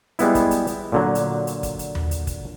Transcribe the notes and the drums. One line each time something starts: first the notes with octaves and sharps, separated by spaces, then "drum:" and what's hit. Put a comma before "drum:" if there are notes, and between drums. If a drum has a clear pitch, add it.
G3 G#3 B3 E4, drum: hi-hat
drum: kick, hi-hat
drum: hi-hat
drum: hi-hat
A#2 D3 F#3
drum: hi-hat
drum: hi-hat
drum: kick, hi-hat
drum: hi-hat
drum: tom D#2
drum: hi-hat
drum: kick, hi-hat